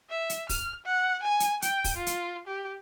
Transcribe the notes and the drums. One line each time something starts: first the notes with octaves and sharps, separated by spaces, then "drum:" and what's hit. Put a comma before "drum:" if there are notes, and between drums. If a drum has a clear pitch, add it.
E5
drum: hi-hat
F6, drum: kick, open hi-hat
F#5
G#5
drum: hi-hat
G5, drum: hi-hat
drum: kick, open hi-hat
F4
drum: hi-hat
G4